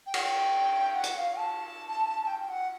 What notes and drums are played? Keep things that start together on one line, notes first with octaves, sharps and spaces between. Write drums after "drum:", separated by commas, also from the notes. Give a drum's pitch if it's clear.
G5
F#5, drum: cymbal
G5
F#5
drum: hi-hat
F5
A5
G5
G5
F#5